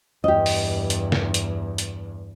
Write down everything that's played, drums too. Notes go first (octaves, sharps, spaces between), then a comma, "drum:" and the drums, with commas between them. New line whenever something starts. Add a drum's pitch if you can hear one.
E2 G2 G4 D#5
drum: open hi-hat
drum: hi-hat
drum: snare
drum: hi-hat
drum: hi-hat